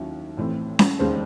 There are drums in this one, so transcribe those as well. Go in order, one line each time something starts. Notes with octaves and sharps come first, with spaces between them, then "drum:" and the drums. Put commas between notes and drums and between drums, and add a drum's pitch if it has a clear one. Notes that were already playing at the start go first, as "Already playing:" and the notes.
Already playing: D#2 D#3 F#3 C#4 E4
A1 A2 E3 C4
drum: snare C#4
E1 D#2 C#3 G#3 C#4 C5